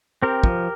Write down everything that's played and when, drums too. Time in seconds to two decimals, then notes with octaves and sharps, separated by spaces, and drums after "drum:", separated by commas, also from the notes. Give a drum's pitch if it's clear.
0.22 C4 G4 A#4
0.44 F3, drum: kick